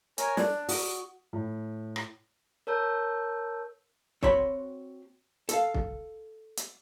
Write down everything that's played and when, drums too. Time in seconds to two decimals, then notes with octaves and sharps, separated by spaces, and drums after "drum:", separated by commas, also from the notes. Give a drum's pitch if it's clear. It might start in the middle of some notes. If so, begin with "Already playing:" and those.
0.18 A#4 C#5 G#5, drum: hi-hat
0.37 D4 D5, drum: snare
0.69 F#4 D#6, drum: open hi-hat
1.33 A2
1.96 drum: rim click
2.67 A#4 C#5 A5 E6 G6
4.23 C4 F#4 C#5 G5 B5 C6, drum: kick
5.49 A4 F5, drum: hi-hat
5.74 drum: kick
6.57 drum: hi-hat